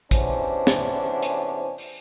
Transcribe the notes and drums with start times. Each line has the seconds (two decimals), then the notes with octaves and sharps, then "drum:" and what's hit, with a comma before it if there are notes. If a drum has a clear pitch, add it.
0.11 E2 C3 C#4 D4 C5, drum: kick A1, hi-hat
0.67 drum: snare
1.23 drum: hi-hat
1.78 drum: open hi-hat